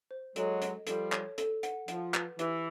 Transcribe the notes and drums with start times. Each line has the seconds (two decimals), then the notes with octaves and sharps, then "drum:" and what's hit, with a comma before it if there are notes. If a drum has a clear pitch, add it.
0.11 C5
0.36 F#3 G#3 A4, drum: hi-hat
0.62 D#5, drum: hi-hat
0.87 F3 G3 A4, drum: hi-hat
1.12 C#5, drum: clap
1.38 A4, drum: hi-hat
1.63 F#5, drum: hi-hat
1.88 F3 F#5, drum: hi-hat
2.14 B4, drum: clap
2.39 E3 G4, drum: hi-hat